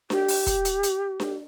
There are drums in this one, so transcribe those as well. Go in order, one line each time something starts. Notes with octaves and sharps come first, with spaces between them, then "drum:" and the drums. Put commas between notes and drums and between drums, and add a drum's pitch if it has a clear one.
G4, drum: snare D4
drum: open hi-hat
drum: kick, hi-hat
drum: hi-hat
drum: hi-hat
drum: snare D4